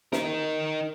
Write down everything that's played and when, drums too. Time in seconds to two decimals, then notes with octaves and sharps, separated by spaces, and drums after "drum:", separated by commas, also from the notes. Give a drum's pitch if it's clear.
0.12 D#4 A#4, drum: snare